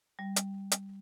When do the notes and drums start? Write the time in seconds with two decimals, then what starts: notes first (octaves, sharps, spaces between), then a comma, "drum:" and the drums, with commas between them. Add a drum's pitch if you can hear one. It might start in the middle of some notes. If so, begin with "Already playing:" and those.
0.19 G3
0.36 drum: hi-hat
0.71 drum: hi-hat